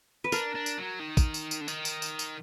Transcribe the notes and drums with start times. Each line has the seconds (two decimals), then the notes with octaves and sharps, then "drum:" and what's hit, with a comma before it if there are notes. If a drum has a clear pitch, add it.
0.24 B4
0.32 D4 A#4, drum: tambourine
0.55 D4
0.66 drum: tambourine
0.78 F#3
1.00 D#3
1.17 drum: kick, tambourine
1.34 drum: tambourine
1.51 drum: tambourine
1.61 D3
1.68 D#3, drum: tambourine
1.85 drum: tambourine
2.02 drum: tambourine
2.19 drum: tambourine